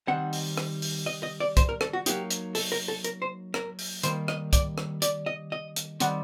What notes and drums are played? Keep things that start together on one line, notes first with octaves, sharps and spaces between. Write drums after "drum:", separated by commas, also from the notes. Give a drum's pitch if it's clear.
D#3 G3 C4 D#4 F#5
drum: open hi-hat
drum: rim click
drum: open hi-hat
D#5
D#5
D5
C5, drum: kick C2, hi-hat
A#4
A4, drum: rim click
F#4
F#3 A#3 D#4 G4, drum: hi-hat
drum: hi-hat
A4, drum: open hi-hat
A#4
A4
A#4, drum: hi-hat
C5
A#4, drum: rim click
drum: open hi-hat
D#3 G3 A#3 C5, drum: hi-hat
D#5, drum: rim click
D5, drum: kick C2, hi-hat
drum: rim click
D5, drum: hi-hat
D#5
D#5
drum: hi-hat
D#3 G3 C4 F#5, drum: hi-hat